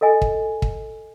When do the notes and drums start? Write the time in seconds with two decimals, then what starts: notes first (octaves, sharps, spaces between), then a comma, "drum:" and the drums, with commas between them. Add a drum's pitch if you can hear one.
0.01 A4 A#4 D#5 G#5
0.22 drum: kick
0.62 drum: kick